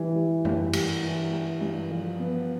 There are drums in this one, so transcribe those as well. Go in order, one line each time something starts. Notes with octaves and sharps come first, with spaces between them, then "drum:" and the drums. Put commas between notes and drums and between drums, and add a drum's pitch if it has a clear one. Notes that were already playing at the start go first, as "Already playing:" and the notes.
Already playing: E3 G3
G3
G2, drum: tom F#2
G3, drum: cymbal
E3
G3
G2
F3
B3